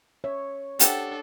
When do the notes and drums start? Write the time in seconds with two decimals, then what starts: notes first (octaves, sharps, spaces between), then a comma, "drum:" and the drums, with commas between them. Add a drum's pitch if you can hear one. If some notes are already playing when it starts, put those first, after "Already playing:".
0.24 C#5 E5
0.79 D4 G4 A4 C5 F#5, drum: hi-hat